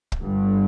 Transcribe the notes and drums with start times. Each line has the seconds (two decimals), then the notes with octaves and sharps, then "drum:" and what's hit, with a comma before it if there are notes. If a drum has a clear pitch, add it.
0.12 drum: kick
0.21 G1 G2 D3